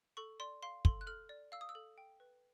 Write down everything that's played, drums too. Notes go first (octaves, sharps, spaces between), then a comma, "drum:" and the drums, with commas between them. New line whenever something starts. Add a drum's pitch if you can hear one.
A4 C#6
D5 C6
F5 C6
A4 C6, drum: kick
F#6
A4 F6
D5
F5 E6
D#6
E6
A4
G5
B4